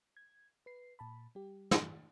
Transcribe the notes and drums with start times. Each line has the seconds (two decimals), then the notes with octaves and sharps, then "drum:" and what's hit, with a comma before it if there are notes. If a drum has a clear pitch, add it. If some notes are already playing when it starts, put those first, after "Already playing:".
0.17 G#6
0.66 B4 C7
0.99 A#2 A5 B5
1.35 G3 G4
1.71 drum: snare